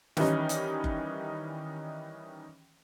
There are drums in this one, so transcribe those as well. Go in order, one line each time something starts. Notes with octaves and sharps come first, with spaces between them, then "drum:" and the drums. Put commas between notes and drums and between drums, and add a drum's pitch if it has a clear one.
D#3 E3 G3 C#4 D#4, drum: snare
drum: hi-hat
drum: kick F#1